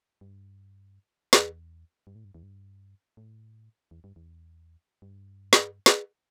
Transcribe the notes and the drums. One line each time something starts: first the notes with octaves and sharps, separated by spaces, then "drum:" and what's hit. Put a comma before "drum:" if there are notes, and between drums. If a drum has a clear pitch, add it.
G2
E2, drum: snare
G2
A2
G2
E2
G2
A2
E2
G2
E2
G2
drum: snare
drum: snare